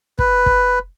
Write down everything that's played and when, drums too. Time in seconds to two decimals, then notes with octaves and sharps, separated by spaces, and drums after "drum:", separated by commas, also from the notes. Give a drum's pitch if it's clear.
0.19 B4, drum: kick
0.46 drum: kick